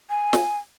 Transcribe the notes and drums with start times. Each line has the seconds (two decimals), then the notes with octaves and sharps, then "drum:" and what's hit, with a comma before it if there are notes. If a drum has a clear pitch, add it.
0.10 G#5
0.33 drum: snare